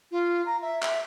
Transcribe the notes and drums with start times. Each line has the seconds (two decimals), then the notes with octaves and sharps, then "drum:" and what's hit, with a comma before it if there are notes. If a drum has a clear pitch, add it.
0.11 F4
0.46 A#5
0.62 E5
0.83 E5, drum: clap